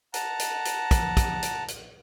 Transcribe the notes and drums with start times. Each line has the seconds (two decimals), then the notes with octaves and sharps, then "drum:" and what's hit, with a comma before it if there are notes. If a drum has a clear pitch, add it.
0.14 F#5 A5 A#5, drum: hi-hat
0.39 drum: hi-hat
0.65 drum: hi-hat
0.91 drum: kick, hi-hat
1.17 drum: kick, hi-hat
1.43 drum: hi-hat
1.68 drum: hi-hat